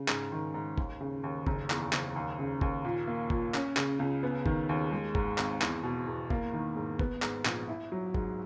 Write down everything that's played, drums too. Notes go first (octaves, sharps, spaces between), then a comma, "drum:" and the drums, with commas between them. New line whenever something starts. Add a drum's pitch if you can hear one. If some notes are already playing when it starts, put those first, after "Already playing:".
Already playing: C#3
G#2, drum: clap
D#3
G#2
D#2, drum: kick G1
C#3
D#2
F#1, drum: kick G1
E2, drum: clap
F#1, drum: clap
D#2
C#3
D#2, drum: kick G1
A#2
A#3
A#2, drum: kick G1
C#4, drum: clap
C#3, drum: clap
C#2
B3
D#3, drum: kick G1
D#2
G#3
G#2, drum: kick G1
G#1, drum: clap
E2, drum: clap
B2
E2
A#3, drum: kick G1
D#3
G#2
B3, drum: kick G1
G#2, drum: clap
A#1, drum: clap
E4
F#3
G#2, drum: kick G1